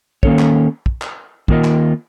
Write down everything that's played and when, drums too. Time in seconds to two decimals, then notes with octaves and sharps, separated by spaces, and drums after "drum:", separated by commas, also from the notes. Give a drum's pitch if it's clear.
0.23 D#3 A#3 C#4 A4 C#5, drum: kick
0.39 drum: clap
0.86 drum: kick
1.02 drum: clap
1.48 D#3 A#3 F4 A#4 D#5, drum: kick
1.64 drum: clap